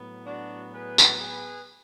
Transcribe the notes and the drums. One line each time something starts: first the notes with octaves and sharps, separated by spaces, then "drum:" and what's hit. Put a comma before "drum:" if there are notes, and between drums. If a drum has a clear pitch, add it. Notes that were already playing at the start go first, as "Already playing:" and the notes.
Already playing: A2 F#3 B3
D4 F#4
G#4 B4
drum: tambourine
G#4 B4